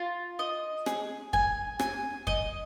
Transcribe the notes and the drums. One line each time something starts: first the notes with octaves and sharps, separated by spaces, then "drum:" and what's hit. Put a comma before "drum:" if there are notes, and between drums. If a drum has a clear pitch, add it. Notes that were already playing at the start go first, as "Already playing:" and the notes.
Already playing: F4
D#5
G#4, drum: rim click
G#5, drum: kick F2
G#5, drum: rim click
D#5, drum: kick F2